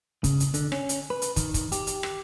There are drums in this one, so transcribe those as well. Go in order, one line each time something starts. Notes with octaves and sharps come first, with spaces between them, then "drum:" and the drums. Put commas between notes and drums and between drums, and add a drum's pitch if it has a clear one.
C#3, drum: kick, hi-hat
drum: hi-hat
D3, drum: hi-hat
C#4, drum: rim click
drum: hi-hat
B4
drum: hi-hat
D#3, drum: kick, hi-hat
drum: kick, hi-hat
G4, drum: hi-hat
drum: hi-hat
drum: rim click